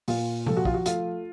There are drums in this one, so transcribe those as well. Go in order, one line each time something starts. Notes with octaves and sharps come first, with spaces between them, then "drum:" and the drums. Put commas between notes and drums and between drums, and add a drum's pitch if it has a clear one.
A#2 F4, drum: open hi-hat
F3 A4, drum: tom C3
F#4
F4, drum: kick
F#4
A3 F4, drum: hi-hat